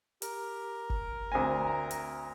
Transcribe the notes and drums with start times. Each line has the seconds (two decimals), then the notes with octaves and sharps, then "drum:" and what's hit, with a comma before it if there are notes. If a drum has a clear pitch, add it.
0.22 G4 A#4, drum: hi-hat
0.90 drum: kick F#1
1.32 D2 C4 G#5 A#5
1.91 drum: hi-hat